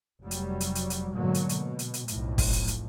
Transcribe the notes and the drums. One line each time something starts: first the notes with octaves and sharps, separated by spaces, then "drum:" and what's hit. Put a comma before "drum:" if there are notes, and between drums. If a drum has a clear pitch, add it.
F1 F#3 G3
drum: hi-hat
drum: hi-hat
drum: hi-hat
drum: hi-hat
G#2 B2 D3 F#3 A#3
drum: hi-hat
B2, drum: hi-hat
drum: hi-hat
drum: hi-hat
B1 F2 A2, drum: hi-hat
drum: kick, open hi-hat
drum: hi-hat
drum: hi-hat